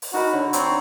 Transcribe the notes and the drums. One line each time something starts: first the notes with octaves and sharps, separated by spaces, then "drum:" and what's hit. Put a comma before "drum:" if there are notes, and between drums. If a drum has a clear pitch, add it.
drum: open hi-hat
D#4 F#4 A#4 B5
D3 C#5
C4 C#5 A#5, drum: hi-hat